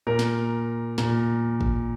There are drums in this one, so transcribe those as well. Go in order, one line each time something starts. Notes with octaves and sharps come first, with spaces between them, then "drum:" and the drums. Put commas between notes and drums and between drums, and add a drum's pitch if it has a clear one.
A#2 A#4
drum: snare
A#2, drum: snare
drum: kick